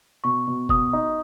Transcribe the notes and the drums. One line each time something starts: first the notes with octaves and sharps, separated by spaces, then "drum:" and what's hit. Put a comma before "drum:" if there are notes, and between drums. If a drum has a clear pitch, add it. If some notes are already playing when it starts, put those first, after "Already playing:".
B2 C#6
B2
B2 D#6, drum: kick F1
D#4